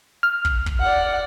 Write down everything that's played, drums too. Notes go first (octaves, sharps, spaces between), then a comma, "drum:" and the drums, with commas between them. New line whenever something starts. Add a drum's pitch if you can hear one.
F6
drum: kick
drum: kick
D5 F#5